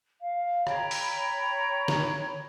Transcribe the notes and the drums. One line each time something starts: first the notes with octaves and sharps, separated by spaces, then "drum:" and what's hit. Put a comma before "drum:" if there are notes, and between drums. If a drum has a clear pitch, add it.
F5
C#5 G5 A#5 B5, drum: rim click
drum: open hi-hat
drum: snare